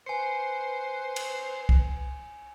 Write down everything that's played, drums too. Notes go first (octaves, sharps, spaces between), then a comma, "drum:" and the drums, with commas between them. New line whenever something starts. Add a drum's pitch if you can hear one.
B4 C5 G#5 C#7
drum: cymbal
drum: kick C2